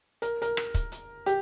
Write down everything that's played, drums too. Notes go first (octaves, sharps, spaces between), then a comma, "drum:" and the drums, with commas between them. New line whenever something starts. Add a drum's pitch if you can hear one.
A#4, drum: hi-hat
A#4, drum: hi-hat
drum: rim click
drum: kick, hi-hat
drum: hi-hat
G4, drum: hi-hat